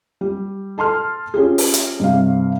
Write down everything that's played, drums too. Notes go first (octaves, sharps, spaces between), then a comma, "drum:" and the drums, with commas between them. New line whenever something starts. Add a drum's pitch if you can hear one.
G3
A4 A5 C6 F6
C#4 F4 G4 G#4
drum: open hi-hat
drum: hi-hat
G2 C3 F5